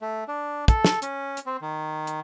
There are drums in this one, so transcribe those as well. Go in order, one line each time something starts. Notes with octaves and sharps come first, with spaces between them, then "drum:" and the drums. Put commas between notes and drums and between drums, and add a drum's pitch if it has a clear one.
A3
D4
A4, drum: kick, hi-hat
drum: snare
C#4, drum: hi-hat
drum: hi-hat
C4
D#3
drum: hi-hat